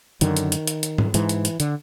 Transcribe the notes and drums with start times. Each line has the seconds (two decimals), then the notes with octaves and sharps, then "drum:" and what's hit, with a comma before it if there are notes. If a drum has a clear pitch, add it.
0.21 F#2 D3 D#3, drum: hi-hat
0.37 drum: hi-hat
0.52 drum: hi-hat
0.67 drum: hi-hat
0.83 drum: hi-hat
0.98 drum: tom G#2
1.14 G#2 E3, drum: hi-hat
1.29 drum: hi-hat
1.45 drum: hi-hat
1.60 D3, drum: hi-hat